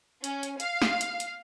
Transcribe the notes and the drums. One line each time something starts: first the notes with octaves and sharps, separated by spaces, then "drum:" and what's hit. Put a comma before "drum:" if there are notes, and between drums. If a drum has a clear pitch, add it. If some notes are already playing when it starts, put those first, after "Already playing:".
C#4, drum: hi-hat
drum: hi-hat
F5, drum: hi-hat
drum: snare
drum: hi-hat
drum: hi-hat